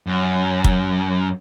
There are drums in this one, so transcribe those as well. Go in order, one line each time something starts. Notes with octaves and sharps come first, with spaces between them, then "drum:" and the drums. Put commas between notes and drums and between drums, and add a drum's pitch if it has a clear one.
F#2
drum: kick